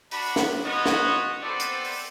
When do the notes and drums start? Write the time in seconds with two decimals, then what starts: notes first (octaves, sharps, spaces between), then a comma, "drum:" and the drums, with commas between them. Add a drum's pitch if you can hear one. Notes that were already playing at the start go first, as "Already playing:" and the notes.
0.11 D4 F#4 B5, drum: open hi-hat
0.36 drum: snare
0.64 F4 F#4 B4 C#5 D#5
0.86 drum: snare
1.42 B3 C4 A4 B4 C5 D5
1.60 drum: hi-hat
1.85 drum: open hi-hat